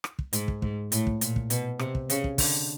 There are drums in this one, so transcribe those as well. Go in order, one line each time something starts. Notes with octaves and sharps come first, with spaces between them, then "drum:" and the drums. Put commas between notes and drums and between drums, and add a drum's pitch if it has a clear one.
drum: rim click
drum: kick
G#2, drum: hi-hat
drum: kick
G#2, drum: kick
A2, drum: hi-hat
drum: kick
A#2, drum: hi-hat
drum: kick
B2, drum: hi-hat
C3, drum: rim click
drum: kick
C#3, drum: hi-hat
drum: kick
D3, drum: kick, open hi-hat